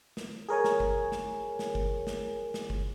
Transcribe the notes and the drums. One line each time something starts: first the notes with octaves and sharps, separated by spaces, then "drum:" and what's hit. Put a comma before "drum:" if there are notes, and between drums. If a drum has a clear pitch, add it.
drum: snare
G#4 A#4 C#5 G#5
drum: snare
drum: kick
drum: snare
drum: snare
drum: kick
drum: snare
drum: snare
drum: kick